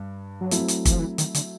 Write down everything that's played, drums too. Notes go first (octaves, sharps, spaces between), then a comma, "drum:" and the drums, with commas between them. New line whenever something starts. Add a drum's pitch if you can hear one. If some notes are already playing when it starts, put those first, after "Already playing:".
Already playing: G2
F#3
F3 F#3 A3 C4 E4, drum: hi-hat
drum: hi-hat
E3, drum: kick, hi-hat
F3
E3
D#3, drum: hi-hat
D3, drum: hi-hat